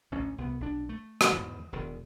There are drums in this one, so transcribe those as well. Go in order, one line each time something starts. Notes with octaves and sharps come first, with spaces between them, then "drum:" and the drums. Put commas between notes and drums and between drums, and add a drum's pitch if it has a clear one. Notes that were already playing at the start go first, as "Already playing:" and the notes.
A1 D2 C#4
C2 B3
B1 D4
A3
drum: rim click
E2 G#2 E3
E1 E2 D#3